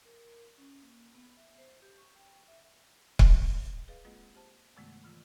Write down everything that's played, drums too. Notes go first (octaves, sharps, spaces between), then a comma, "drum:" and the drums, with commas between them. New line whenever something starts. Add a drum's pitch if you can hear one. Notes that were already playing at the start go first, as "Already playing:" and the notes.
A#4
C#4
A#3
B3
E5
C5
G4
C#6
G5
E5
drum: kick C#1
G#4 B4 D#5 F5
G#3 A#3 C4 F4 G#4 D#5
G4 C5 A5
G2 C3 D#3 G#3 A3 B3
A#2 E3 F4 E6